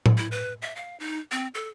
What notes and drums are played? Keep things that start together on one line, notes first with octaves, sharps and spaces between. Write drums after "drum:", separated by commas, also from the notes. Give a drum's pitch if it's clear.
drum: tom A2
E4
B4
E5
F5
D#4
C4
A4